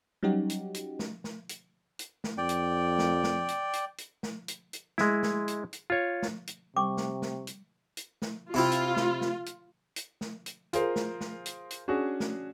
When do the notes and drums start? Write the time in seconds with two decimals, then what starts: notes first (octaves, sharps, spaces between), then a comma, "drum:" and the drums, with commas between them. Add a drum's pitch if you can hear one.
0.23 F#3 G3 C#4 D#4 F#4 G4
0.50 drum: hi-hat
0.74 drum: hi-hat
0.99 drum: snare
1.24 drum: snare
1.49 drum: hi-hat
1.99 drum: hi-hat
2.24 drum: snare
2.38 F2 D5 G5
2.49 drum: hi-hat
2.99 drum: snare
3.24 drum: snare
3.48 drum: hi-hat
3.73 drum: hi-hat
3.98 drum: hi-hat
4.23 drum: snare
4.48 drum: hi-hat
4.73 drum: hi-hat
4.98 G#3 E4, drum: snare
5.23 drum: snare
5.48 drum: hi-hat
5.73 drum: hi-hat
5.90 F4 C#5
6.22 drum: snare
6.47 drum: hi-hat
6.77 C3 G3 G5 C#6 D6
6.97 drum: snare
7.22 drum: snare
7.47 drum: hi-hat
7.97 drum: hi-hat
8.22 drum: snare
8.54 C3 E4 F4 G4
8.72 drum: hi-hat
8.96 drum: snare
9.21 drum: snare
9.46 drum: hi-hat
9.96 drum: hi-hat
10.21 drum: snare
10.46 drum: hi-hat
10.73 F4 G#4 A#4 C5, drum: hi-hat
10.96 drum: snare
11.21 drum: snare
11.46 drum: hi-hat
11.70 drum: hi-hat
11.88 C#4 D4 F#4 G#4
12.20 drum: snare